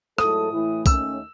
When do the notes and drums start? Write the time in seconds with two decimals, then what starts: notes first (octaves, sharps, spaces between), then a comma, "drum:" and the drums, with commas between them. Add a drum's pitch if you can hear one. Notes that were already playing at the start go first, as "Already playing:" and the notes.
0.18 G#2 F#3 A3 E4 A4 D#6, drum: rim click
0.52 A2 E3 A3 E4
0.86 D#2 D#3 A3 C#4 E6, drum: kick B1, tambourine